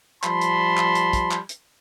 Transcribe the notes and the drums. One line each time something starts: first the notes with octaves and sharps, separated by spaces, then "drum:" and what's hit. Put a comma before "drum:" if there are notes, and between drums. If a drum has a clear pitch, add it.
F3 G3 A5 B5 C6, drum: clap
drum: hi-hat
drum: clap
drum: hi-hat
drum: kick, hi-hat
drum: clap
drum: hi-hat